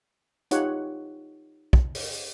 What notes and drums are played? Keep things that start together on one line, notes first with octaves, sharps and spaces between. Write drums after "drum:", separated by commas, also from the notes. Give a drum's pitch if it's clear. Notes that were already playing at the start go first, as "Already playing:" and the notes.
D#4 F4 G4 C#5 F#5, drum: hi-hat
drum: kick
drum: open hi-hat